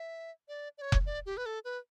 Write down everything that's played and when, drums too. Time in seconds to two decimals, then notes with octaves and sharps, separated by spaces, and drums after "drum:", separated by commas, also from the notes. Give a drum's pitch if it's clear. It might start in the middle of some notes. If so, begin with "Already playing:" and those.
Already playing: E5
0.48 D5
0.78 D5
0.82 C#5
0.92 drum: kick F1
1.06 D5
1.26 G4
1.37 B4
1.46 A4
1.65 B4